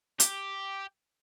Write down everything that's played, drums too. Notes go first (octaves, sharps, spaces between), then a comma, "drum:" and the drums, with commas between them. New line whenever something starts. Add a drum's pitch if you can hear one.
G4, drum: hi-hat